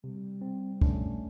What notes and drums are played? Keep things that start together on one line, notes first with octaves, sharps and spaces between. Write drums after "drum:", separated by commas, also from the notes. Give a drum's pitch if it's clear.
C3 G3
C4
A3 C#4 D4, drum: kick